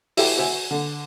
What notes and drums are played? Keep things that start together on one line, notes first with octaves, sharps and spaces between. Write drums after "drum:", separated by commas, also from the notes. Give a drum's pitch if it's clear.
E4 F#4 G4 A4, drum: open hi-hat
F#4 C5 E5 G#5
D3